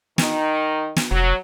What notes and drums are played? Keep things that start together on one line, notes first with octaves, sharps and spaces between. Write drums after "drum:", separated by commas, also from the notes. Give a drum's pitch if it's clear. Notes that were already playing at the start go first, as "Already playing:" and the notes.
D#3 D#4, drum: snare
drum: snare
F1 F#3